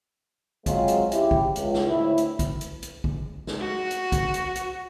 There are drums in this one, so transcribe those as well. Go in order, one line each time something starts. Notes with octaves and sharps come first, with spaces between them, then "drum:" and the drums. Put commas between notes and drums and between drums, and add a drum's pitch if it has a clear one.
F#3 G#3 C4 F4 G#4, drum: kick, hi-hat
drum: hi-hat
C#3 E4 G4, drum: hi-hat
drum: kick
C#2, drum: hi-hat
drum: snare
D2 A2 E4
drum: hi-hat
drum: kick, hi-hat
drum: hi-hat
drum: hi-hat
drum: kick
drum: snare
F#4
drum: hi-hat
drum: kick, hi-hat
drum: hi-hat
drum: hi-hat